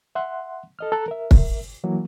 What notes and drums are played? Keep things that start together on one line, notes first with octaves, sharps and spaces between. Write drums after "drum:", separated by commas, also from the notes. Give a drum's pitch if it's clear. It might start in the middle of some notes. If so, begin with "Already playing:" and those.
E5 F#5 C6 F#6
A4 D#5 F6
A4 A5 A#5 F#6
A#4 E5
drum: kick
E3 F#3 A#3